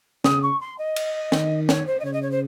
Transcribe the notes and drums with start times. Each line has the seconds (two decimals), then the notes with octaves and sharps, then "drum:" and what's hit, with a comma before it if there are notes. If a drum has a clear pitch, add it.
0.24 C#3 D#6, drum: snare
0.42 C#6
0.60 C6
0.78 D#5
0.96 drum: cymbal
1.32 D#3, drum: snare
1.69 C#5, drum: snare
1.86 C5
1.99 D#5
2.04 C#3 C#5
2.13 D#5
2.22 C#5
2.31 C5